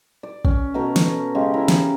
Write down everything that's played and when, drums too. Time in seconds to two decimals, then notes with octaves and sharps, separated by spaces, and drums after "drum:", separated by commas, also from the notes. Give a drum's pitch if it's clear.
0.23 D5
0.45 C#4, drum: kick
0.74 B2 A3 A#4
0.96 drum: snare
1.35 C#3 G#3 G4
1.54 E4 A#4
1.68 drum: snare